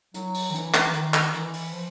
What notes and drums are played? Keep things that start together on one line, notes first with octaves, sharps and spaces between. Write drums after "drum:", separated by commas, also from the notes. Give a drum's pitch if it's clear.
F#3, drum: hi-hat
drum: open hi-hat
D#3
E3, drum: hi-hat
drum: clap
E3
D#3, drum: hi-hat
drum: clap
E3, drum: hi-hat
drum: open hi-hat
F3